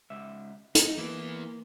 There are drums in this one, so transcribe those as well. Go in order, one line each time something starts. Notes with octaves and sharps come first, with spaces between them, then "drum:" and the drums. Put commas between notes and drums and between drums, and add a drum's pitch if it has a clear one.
C#2 E5
D#4, drum: hi-hat
E3 A#3 B3